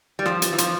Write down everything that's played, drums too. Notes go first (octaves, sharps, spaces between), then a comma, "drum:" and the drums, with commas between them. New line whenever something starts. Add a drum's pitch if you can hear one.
G3
F3, drum: rim click
drum: hi-hat
E3
F3, drum: hi-hat